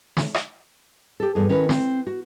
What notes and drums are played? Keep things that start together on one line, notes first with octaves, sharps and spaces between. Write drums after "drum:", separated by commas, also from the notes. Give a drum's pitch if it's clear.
drum: snare
drum: rim click
G4 A4
E2 G2 G#4
D#3 C#4 E4 A#4 B4
C4, drum: snare
F#4